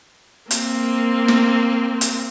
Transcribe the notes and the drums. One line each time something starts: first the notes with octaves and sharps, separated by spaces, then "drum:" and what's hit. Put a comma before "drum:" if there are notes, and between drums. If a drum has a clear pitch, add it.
A#3 C4, drum: hi-hat
drum: snare
drum: hi-hat